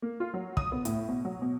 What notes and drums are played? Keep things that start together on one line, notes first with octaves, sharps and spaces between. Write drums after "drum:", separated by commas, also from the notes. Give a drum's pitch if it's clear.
A#3
F4
F#3
D#6, drum: kick
B3
A2, drum: hi-hat
B2
F#3
B2